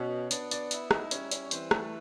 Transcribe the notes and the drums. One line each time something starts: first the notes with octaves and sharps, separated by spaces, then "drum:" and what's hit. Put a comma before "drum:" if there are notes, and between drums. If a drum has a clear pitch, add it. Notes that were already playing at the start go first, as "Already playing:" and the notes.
Already playing: B2 C#4 C#5
B3 D4 D5, drum: hi-hat
D4 D5, drum: hi-hat
E4, drum: hi-hat
D#4 D#5, drum: rim click
G3 C#4 C#5, drum: hi-hat
C#4 C#5, drum: hi-hat
C#5
E3 C4 C5, drum: hi-hat
A3 A4, drum: rim click